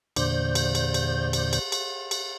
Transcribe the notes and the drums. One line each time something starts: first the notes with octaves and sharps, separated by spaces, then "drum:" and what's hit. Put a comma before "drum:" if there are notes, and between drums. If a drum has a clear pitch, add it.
E2 A#2 D3 C5 D5 G6, drum: cymbal
drum: cymbal
drum: cymbal
drum: cymbal
drum: cymbal
drum: cymbal
drum: cymbal
drum: cymbal